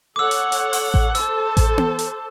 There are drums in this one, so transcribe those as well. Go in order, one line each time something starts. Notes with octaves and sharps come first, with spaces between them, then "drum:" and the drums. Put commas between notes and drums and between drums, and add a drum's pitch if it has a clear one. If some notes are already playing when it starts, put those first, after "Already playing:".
A4 C#5 F#5 D6 E6
drum: hi-hat
drum: hi-hat
drum: open hi-hat
drum: kick A1
A4 C5 A5 E6, drum: hi-hat
drum: kick A1, hi-hat
drum: tom B3
drum: hi-hat